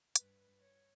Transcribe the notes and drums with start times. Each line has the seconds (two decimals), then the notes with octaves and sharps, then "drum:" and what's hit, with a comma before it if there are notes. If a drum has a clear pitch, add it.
0.16 G2 B4, drum: hi-hat
0.60 C#5